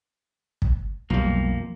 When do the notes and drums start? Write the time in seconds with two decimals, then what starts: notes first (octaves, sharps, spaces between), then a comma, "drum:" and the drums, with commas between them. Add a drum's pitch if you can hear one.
0.62 drum: kick
1.10 B1 F2 F3 G3 A#3